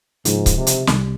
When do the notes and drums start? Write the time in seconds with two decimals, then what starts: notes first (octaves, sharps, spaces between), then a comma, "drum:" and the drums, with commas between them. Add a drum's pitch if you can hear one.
0.25 G#2 C#3 F3 G#3 D#4, drum: hi-hat
0.46 drum: kick C#1, hi-hat
0.56 C3
0.67 drum: hi-hat
0.87 C2 C3 G3, drum: snare